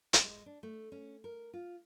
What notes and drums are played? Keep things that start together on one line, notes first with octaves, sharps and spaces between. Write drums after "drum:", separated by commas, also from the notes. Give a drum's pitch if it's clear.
drum: hi-hat
G#3
D4
A3
C#4
A#4
F4